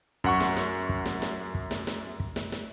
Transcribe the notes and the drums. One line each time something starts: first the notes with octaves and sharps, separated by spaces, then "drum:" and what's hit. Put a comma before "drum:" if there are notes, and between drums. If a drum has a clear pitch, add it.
F#2 F#5 C#6, drum: kick
drum: snare
drum: snare
drum: kick
drum: snare
drum: snare
drum: kick
drum: snare
drum: snare
drum: kick
drum: snare
drum: snare